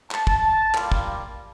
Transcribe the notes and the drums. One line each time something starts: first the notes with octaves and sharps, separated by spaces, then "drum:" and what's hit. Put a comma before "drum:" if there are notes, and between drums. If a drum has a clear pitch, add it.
A5, drum: clap
drum: kick
G3 A#3 F4, drum: clap
drum: kick